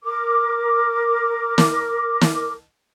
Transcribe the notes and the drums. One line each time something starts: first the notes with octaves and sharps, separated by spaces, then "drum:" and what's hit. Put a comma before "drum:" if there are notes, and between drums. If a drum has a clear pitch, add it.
A#4 D6
drum: snare
drum: snare